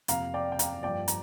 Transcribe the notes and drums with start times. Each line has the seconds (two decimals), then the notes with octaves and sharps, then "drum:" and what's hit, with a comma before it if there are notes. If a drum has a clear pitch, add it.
0.08 F2 C3 A#3 F5 A#5, drum: hi-hat
0.34 D5 G5
0.52 G5
0.59 F5 A#5, drum: hi-hat
0.83 G2 F3 A#3 D5 G5
1.08 A#5, drum: hi-hat